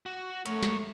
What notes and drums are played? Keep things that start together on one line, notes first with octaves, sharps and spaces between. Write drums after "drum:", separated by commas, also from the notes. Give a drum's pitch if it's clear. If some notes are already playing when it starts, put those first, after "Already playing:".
F#4
A3 A#4 C#5, drum: hi-hat
drum: snare